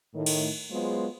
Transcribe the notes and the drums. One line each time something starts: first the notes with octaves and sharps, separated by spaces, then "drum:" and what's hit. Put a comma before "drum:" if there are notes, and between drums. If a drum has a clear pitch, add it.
A2 D#3
drum: cymbal
F#3 G#3 B3 F4 G#4 C5